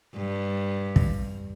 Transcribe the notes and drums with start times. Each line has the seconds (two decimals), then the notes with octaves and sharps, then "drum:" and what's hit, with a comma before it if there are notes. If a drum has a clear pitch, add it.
0.17 G2
0.96 drum: kick